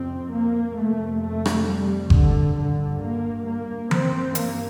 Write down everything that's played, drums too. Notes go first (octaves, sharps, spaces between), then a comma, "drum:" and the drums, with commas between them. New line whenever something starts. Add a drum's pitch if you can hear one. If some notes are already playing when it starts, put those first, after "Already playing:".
Already playing: F2 C3 C4
A#3
F2 C3 A3
A3
drum: rim click
G3
D3, drum: kick G1
G2 D3
A#3
A#3
C4, drum: tom E3
G2 A#3, drum: hi-hat